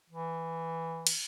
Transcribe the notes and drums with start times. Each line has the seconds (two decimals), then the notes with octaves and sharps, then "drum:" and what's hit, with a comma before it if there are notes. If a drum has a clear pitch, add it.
0.09 E3
1.07 drum: cymbal